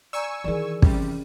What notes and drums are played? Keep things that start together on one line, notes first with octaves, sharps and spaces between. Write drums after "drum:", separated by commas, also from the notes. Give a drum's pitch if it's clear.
D5 G#5 A#5 C#6 E6 G6
D#3 E3 G#4 A#4 D5
C3 G3 C#4, drum: kick